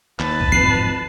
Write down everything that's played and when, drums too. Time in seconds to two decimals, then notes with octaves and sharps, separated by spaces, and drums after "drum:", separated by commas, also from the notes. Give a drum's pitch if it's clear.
0.20 D#2 B4 A5, drum: clap
0.41 drum: kick C2
0.52 D1 G#1 F2 C7